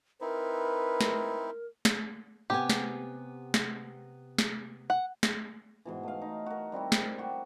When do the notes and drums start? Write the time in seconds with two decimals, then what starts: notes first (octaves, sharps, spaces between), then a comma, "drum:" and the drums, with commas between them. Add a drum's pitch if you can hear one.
0.21 C4 D#4 E4 A#4 B4
1.01 drum: snare
1.85 drum: snare
2.50 C3 B3 G4 G#5
2.70 drum: snare
3.54 drum: snare
4.38 drum: snare
4.90 F#5
5.23 drum: snare
5.85 G#2 B2 E3
6.03 A3 F5
6.22 D#4
6.46 F#4 A#4
6.72 G3 C4 E4 F#4
6.92 drum: snare
7.18 F#4 G4